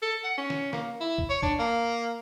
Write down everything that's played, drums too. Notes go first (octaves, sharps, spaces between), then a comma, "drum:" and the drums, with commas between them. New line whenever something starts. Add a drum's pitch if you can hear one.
A4
F#5
C#4
drum: snare
A#3, drum: snare
E4
drum: kick
C#5
D4, drum: kick
A#3